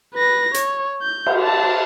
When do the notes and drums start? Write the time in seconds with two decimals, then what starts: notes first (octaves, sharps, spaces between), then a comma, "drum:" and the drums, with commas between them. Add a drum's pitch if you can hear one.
0.15 B4 A#6
0.54 C#5, drum: hi-hat
1.02 G6
1.26 drum: cymbal
1.42 A5